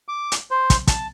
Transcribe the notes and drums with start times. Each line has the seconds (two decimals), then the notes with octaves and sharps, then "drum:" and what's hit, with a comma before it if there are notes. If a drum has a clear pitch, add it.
0.08 D6
0.32 drum: hi-hat
0.51 C5
0.70 drum: kick, hi-hat
0.87 A5, drum: kick, hi-hat